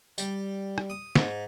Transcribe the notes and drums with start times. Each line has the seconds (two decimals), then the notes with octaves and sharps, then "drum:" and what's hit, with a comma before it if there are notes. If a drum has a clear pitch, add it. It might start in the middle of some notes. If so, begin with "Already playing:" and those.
0.18 G3, drum: tambourine
0.78 drum: rim click
0.90 D#6
1.16 G#2, drum: snare